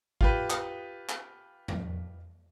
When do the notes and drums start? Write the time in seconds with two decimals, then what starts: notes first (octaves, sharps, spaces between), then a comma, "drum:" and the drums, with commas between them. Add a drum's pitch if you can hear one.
0.21 F4 G4 B4, drum: kick
0.50 drum: clap
1.09 drum: clap
1.68 drum: tom